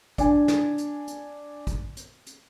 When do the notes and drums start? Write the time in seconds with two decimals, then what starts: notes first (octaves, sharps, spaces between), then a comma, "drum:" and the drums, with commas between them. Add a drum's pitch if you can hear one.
0.18 D4 G#5, drum: kick A1, hi-hat
0.48 drum: snare
0.78 drum: hi-hat
1.08 drum: hi-hat
1.67 drum: kick A1, hi-hat
1.97 drum: hi-hat
2.26 drum: hi-hat